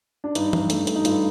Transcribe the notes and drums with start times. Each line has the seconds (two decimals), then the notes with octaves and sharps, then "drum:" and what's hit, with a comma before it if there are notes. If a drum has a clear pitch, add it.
0.24 D4
0.35 G2 D#4, drum: hi-hat
0.53 G2, drum: tom
0.70 A3, drum: hi-hat
0.87 A3, drum: hi-hat
0.95 D#4
1.05 G2 F4, drum: hi-hat